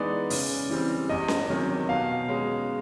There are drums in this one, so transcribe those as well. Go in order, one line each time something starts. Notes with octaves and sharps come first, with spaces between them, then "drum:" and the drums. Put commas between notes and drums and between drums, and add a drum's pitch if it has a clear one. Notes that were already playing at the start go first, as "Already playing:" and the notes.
Already playing: E3 G#3 B3 D#4 D5
C#3, drum: open hi-hat
E3 G3 C4
E2 D#5
drum: snare C#4
C3 D#3 F#3
B2 F5
G#3 C#4